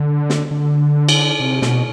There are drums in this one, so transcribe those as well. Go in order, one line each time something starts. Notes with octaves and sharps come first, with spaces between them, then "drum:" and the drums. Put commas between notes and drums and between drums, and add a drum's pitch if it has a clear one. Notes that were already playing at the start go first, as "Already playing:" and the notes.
Already playing: D3
drum: snare
D3
drum: cymbal
C3
B2, drum: snare